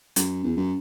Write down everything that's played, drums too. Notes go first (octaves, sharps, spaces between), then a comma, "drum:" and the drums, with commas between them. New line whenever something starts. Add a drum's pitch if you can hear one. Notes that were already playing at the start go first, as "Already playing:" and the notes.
F#2, drum: hi-hat
E2
F#2